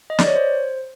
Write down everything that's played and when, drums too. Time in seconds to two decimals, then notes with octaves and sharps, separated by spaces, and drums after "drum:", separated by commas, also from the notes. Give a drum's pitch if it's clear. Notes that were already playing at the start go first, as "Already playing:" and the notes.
0.10 D#5
0.19 D5, drum: snare
0.27 C#5
0.35 C5